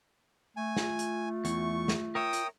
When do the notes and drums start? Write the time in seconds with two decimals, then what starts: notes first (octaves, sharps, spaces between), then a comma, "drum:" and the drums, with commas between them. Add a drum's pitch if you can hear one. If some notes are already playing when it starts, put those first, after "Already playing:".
0.56 A3 G#5
0.77 F4, drum: snare
0.99 drum: hi-hat
1.45 E2 C#6, drum: hi-hat
1.88 drum: snare
2.15 A#4 C#5 E5 G5 D#6
2.33 drum: hi-hat